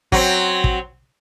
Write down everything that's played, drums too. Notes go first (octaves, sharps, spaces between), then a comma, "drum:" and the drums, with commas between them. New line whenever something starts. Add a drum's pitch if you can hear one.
F#3 C4, drum: kick
drum: kick